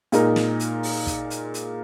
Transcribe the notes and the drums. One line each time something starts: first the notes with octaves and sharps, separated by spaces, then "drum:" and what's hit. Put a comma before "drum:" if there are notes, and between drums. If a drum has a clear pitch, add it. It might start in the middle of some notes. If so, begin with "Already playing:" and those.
A#2 G#3 D#4 A#4, drum: hi-hat
drum: snare
drum: hi-hat
drum: open hi-hat
drum: kick, hi-hat
drum: hi-hat
drum: hi-hat